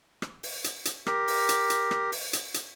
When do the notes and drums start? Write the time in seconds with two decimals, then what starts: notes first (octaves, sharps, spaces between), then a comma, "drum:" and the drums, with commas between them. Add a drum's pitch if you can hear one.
0.22 drum: rim click
0.43 drum: open hi-hat
0.64 drum: hi-hat
0.85 drum: hi-hat
1.07 G4 A#4, drum: rim click
1.28 drum: open hi-hat
1.49 drum: hi-hat
1.70 drum: hi-hat
1.91 drum: rim click
2.12 drum: open hi-hat
2.33 drum: hi-hat
2.54 drum: hi-hat